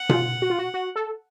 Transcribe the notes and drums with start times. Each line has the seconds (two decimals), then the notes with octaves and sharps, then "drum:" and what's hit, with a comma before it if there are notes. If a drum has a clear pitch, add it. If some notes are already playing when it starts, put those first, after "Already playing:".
Already playing: F#5
0.09 F4, drum: tom B2
0.42 F#4
0.50 F4
0.59 F#4
0.74 F#4
0.96 A4